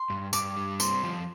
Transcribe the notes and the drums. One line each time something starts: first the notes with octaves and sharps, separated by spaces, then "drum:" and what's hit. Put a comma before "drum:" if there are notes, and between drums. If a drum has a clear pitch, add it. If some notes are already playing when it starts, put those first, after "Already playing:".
Already playing: C6
G2
G2 D6, drum: tambourine
G3
C4 C6, drum: tambourine
F3